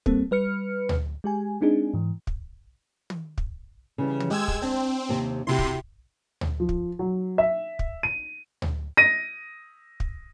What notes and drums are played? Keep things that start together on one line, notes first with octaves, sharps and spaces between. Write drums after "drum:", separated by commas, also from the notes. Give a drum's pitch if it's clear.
G3 A#3 C4 A4, drum: kick
G3 B4 F6 C#7
drum: tom D2
G#3 G4 G#5
G#3 C4 D4 D#4 G#4
G#2 E3
drum: kick
drum: tom
drum: kick
C#3 E3 G3
drum: tom
G#3 G4 E6 G#6
drum: kick
C4 D4
D#2 C3
C3 E4 F#4 G4 C6
drum: kick
drum: tom D2
F3
drum: kick
F#3
E5
drum: kick
D#7
drum: tom D2
A#6 D#7
drum: kick